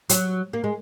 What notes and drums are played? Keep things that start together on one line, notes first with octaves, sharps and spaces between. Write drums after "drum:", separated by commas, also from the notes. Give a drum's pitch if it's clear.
F#3, drum: hi-hat
A#3
G#3